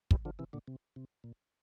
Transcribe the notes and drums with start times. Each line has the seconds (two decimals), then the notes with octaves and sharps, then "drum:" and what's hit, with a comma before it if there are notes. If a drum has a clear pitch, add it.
0.11 E3 G3, drum: kick
0.25 D3 F3
0.39 C3 E3
0.53 A#2 D3
0.68 C3
0.96 C3
1.24 A#2